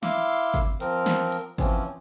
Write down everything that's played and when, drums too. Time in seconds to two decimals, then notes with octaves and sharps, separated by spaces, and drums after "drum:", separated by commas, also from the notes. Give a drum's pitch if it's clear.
0.03 E4 F5 C6 D6 E6, drum: snare
0.54 drum: kick G1, hi-hat
0.80 F3 C4 A#4, drum: hi-hat
1.06 drum: snare
1.32 drum: hi-hat
1.58 E3 F3 C4 C#4, drum: kick G1, hi-hat